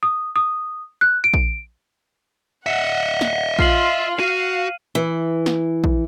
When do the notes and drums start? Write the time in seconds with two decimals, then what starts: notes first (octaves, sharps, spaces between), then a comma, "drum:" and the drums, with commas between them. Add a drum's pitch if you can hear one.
0.03 D#6
0.36 D#6
1.01 F#6
1.24 D7
1.34 drum: kick A#1
2.66 D#5 E5 F#5 C#7
3.21 drum: snare
3.59 F4 F6 C7 F#7, drum: kick A#1
4.20 F#4 F5 D#7
4.95 E3
5.46 drum: snare
5.84 drum: kick A#1